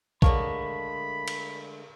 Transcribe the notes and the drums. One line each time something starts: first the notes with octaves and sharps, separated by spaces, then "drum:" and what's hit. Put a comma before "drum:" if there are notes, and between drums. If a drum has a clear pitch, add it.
D3 G#3 A3 A#4 C#5 F5 A5 B5, drum: kick
drum: cymbal